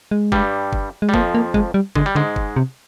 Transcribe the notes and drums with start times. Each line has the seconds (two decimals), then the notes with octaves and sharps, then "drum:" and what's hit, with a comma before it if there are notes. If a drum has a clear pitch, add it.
0.11 G#3
0.32 G2 G3, drum: kick F#1
0.73 drum: kick F#1
1.02 G#3
1.09 G3
1.14 F2 F3 A#3, drum: kick F#1
1.35 A#3
1.54 G#3, drum: kick F#1
1.74 G3
1.96 D3 G#3, drum: kick F#1
2.06 G3
2.15 G#2 D3 G#3
2.36 drum: kick F#1
2.56 C3